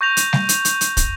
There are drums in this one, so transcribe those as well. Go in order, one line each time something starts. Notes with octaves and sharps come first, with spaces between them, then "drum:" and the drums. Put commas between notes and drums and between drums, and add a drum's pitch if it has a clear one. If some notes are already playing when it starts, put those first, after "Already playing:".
C#6 G6 A#6 F7
drum: hi-hat
drum: snare G3
drum: hi-hat
drum: hi-hat
drum: hi-hat
drum: kick, hi-hat